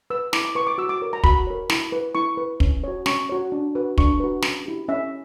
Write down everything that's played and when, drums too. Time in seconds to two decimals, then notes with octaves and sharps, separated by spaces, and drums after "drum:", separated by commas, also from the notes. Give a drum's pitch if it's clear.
0.10 B4 E6
0.33 E4 D6, drum: snare
0.45 D6
0.55 B4 C#6
0.67 D6
0.78 F#4 E6
0.89 D6
1.01 A#4 C#5
1.13 A#5
1.24 F#4 B5, drum: kick
1.47 A#4 C#5
1.70 E4, drum: snare
1.92 B4
2.15 E4 C#6
2.37 B4
2.60 C#4, drum: kick
2.84 F#4 C#5
3.06 C#4 C#6, drum: snare
3.29 F#4 C#5
3.52 D4
3.75 F#4 B4
3.98 D4 C#6, drum: kick
4.20 F#4 B4
4.42 C#4, drum: snare
4.66 E4 G4
4.88 C#4 E5